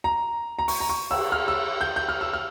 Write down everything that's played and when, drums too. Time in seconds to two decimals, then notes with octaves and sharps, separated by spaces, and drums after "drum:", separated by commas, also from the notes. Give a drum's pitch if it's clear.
0.04 A#5
0.59 A#5
0.68 C#6, drum: open hi-hat
0.80 A#5
0.89 C#6
1.11 E6, drum: cymbal
1.32 F6
1.48 E6
1.81 G6
1.96 G6
2.09 F6
2.21 E6
2.33 F6